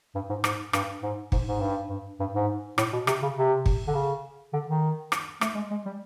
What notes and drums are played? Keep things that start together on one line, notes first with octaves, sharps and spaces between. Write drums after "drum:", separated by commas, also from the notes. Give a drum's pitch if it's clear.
G2
G#2
G#2, drum: rim click
G2, drum: rim click
G#2
G#2, drum: kick
G#2
G2
G2
G2
G#2
A2, drum: rim click
B2
C3, drum: rim click
C#3
C3
drum: kick
D3
C#3
D3
D#3
drum: rim click
A3, drum: rim click
G#3
G#3
G3